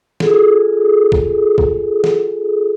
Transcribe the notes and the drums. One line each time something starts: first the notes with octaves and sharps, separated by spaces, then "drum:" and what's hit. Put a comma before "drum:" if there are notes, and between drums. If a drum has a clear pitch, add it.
F4 G#4 A4, drum: snare
drum: kick
drum: kick
drum: snare